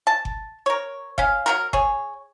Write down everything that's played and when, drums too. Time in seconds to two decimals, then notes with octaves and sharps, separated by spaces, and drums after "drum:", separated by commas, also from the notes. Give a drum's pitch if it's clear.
0.07 A5
0.25 drum: kick G1
0.66 A#4 C#5
1.18 C#4 F5, drum: kick G1
1.46 F#3 A#3 A#4
1.73 G#4 C#5, drum: kick G1